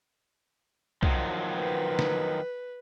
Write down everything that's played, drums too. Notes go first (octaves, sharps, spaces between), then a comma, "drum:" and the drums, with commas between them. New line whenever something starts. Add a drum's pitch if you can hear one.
D#3 F3 F#3, drum: kick B1
B4
drum: snare